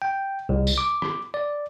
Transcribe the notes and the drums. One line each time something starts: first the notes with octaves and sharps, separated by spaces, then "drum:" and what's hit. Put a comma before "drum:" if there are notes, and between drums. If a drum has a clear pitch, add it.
G5
C2
drum: tambourine
D6
drum: rim click
D5